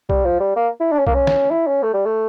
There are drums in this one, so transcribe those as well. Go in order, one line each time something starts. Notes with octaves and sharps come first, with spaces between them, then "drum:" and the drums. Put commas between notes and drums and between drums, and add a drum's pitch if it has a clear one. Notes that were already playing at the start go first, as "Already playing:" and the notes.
G3, drum: kick B1
F3
G3
A#3
E4
D4
C#4
A#3, drum: kick B1
C#4
drum: snare
E4
C#4
A3
G3
A3